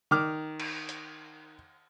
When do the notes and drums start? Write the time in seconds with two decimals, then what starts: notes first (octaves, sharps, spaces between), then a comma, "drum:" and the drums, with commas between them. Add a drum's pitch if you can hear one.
0.11 D#3 D6 F6
0.60 drum: cymbal
0.89 drum: hi-hat